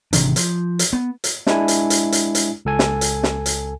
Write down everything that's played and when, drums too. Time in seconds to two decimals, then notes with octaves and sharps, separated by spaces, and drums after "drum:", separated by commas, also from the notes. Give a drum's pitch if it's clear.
0.13 G#1 C3 E3 D4, drum: hi-hat
0.36 F3, drum: hi-hat
0.79 drum: hi-hat
0.93 B3
1.24 drum: hi-hat
1.47 G#3 D4 E4 G#5, drum: snare
1.68 drum: hi-hat
1.90 drum: hi-hat
2.12 drum: hi-hat
2.35 drum: hi-hat
2.65 C#2 A4 G#5
2.79 drum: snare
3.01 drum: hi-hat
3.23 drum: snare
3.46 drum: hi-hat